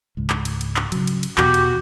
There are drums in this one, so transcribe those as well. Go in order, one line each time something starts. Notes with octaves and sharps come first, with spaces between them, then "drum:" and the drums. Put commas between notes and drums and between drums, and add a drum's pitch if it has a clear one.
C#2 G#2
drum: clap
drum: cymbal
drum: cymbal
drum: clap
C#3 F#3, drum: cymbal
drum: cymbal
drum: cymbal
E2 B2 F#4 G4, drum: clap
drum: cymbal